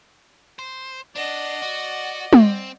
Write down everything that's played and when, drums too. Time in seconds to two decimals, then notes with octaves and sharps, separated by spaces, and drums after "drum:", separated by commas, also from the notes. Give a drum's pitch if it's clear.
0.59 C5
1.16 D4 D5 D#5 F#5
1.62 F#4
2.33 C4, drum: tom